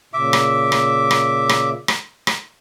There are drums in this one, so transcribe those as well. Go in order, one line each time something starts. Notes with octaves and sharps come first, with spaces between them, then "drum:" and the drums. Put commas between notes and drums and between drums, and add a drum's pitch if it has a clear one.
A#2 C#3 E5 D6
drum: rim click
drum: rim click
drum: rim click
drum: rim click
drum: rim click
drum: rim click